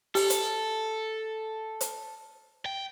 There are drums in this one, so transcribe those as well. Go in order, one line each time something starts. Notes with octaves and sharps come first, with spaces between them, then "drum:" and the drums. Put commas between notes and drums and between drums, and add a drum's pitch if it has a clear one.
G4 A4, drum: open hi-hat
drum: hi-hat
drum: hi-hat
G5